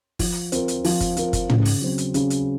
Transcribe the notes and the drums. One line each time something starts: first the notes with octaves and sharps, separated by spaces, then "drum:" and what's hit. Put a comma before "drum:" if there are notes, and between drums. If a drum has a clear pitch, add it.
F3, drum: kick, open hi-hat
C4 F4 A#4, drum: hi-hat
drum: hi-hat
F3, drum: open hi-hat
drum: kick, hi-hat
C4 F4 A#4, drum: hi-hat
drum: kick, hi-hat
C#3, drum: tom
drum: open hi-hat
F#3 C4
drum: hi-hat
C#3, drum: hi-hat
drum: hi-hat